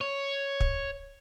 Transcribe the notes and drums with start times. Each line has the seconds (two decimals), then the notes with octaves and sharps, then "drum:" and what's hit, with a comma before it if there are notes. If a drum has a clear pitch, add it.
0.01 C#5
0.60 drum: kick